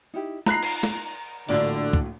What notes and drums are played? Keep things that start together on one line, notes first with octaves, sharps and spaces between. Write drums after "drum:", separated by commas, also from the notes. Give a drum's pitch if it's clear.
D#4 E4 G4
D#4 F4 A#5 B5 F#6 C7, drum: snare
drum: cymbal
drum: snare
A#1 A2 D3 F4 F#4 D5, drum: open hi-hat
drum: kick